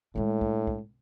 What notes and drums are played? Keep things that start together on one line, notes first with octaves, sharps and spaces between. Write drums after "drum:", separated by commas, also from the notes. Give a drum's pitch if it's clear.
A2 G#3 D4
drum: kick
drum: kick